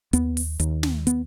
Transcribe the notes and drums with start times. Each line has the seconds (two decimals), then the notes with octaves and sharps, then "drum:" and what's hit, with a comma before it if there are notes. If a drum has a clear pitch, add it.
0.13 D#2 B3, drum: hi-hat
0.37 drum: open hi-hat
0.60 D#2, drum: hi-hat
0.83 drum: snare
1.07 B3, drum: hi-hat